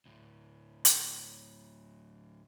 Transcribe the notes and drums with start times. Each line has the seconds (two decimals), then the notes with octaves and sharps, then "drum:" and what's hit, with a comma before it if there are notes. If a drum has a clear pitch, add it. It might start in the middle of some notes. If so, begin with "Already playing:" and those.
0.05 D2 A2
0.85 drum: hi-hat